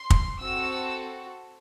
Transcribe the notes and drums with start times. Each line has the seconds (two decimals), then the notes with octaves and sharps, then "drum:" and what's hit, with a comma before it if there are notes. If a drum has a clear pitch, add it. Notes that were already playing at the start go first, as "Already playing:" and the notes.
Already playing: C6
0.10 drum: kick
0.41 C4 F#4 A4 E6